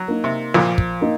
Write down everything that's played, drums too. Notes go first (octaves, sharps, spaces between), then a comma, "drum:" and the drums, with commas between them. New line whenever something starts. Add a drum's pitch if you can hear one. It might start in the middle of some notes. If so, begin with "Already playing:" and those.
Already playing: F#3
A#3 D#4
C3
A#2 F3, drum: snare
drum: kick
A#3 D#4